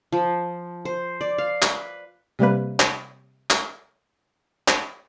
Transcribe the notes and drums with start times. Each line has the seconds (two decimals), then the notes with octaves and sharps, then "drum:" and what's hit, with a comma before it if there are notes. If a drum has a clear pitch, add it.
0.12 F3
0.85 C5
1.21 D5
1.38 F5
1.62 B4, drum: clap
2.39 C3 G3 A#3 B4
2.80 drum: clap
3.50 drum: clap
4.68 drum: clap